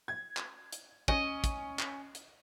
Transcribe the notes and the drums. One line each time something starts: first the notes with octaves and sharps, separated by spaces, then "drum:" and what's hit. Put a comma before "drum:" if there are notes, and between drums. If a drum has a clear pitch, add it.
G#6
drum: clap
drum: hi-hat
C#4 D#5, drum: kick
drum: kick, hi-hat
drum: clap
drum: hi-hat